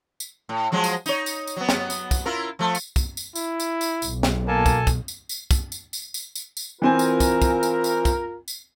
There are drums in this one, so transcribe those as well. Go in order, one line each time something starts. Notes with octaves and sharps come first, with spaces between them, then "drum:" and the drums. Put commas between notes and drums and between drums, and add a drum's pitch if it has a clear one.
drum: tambourine
A2
F3 F#3 G#3
drum: tambourine
D#4 C#5, drum: tambourine
drum: tambourine
drum: tambourine
F#3 B3
drum: snare
drum: tambourine
drum: kick, tambourine
E4 F4 A#4
F3 A3
drum: tambourine
drum: kick, tambourine
drum: tambourine
E4, drum: tambourine
drum: tambourine
drum: tambourine
B1, drum: tambourine
drum: snare
A#3 A4 G#5 A5
drum: kick, tambourine
drum: kick, tambourine
drum: tambourine
drum: tambourine
drum: kick, tambourine
drum: tambourine
drum: tambourine
drum: tambourine
drum: tambourine
drum: tambourine
E3 C4 F4 A#4 G#5
drum: tambourine
drum: kick, tambourine
drum: kick, tambourine
drum: tambourine
drum: tambourine
drum: kick, tambourine
drum: tambourine